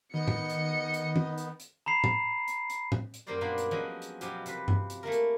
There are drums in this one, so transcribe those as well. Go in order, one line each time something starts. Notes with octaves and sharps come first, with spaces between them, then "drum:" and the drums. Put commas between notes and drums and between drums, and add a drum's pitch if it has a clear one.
D#3 B3 D#4 D#5 C#7
drum: tom A2
drum: hi-hat
drum: hi-hat
drum: tom
drum: hi-hat
drum: hi-hat
A#5 B5 C7
drum: tom A2
drum: hi-hat
drum: hi-hat
drum: tom A2
drum: hi-hat
F#2 G3 A#3 F4 C5 D5
A#2 A#3 B3 D4
drum: hi-hat
F3 F#3 G#3 C#4 F#4 G#4
drum: hi-hat
B2 F3 F#3 C#4 G4, drum: hi-hat
C3 B4, drum: hi-hat
drum: tom G2
drum: hi-hat
A3 A#3 E4 A#4
drum: hi-hat